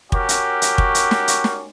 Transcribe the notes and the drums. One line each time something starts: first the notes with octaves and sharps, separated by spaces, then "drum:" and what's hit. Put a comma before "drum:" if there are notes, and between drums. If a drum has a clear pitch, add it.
C#4 F#4 G4 A#4, drum: kick
drum: hi-hat
drum: hi-hat
drum: kick
drum: hi-hat
drum: snare
drum: hi-hat
drum: snare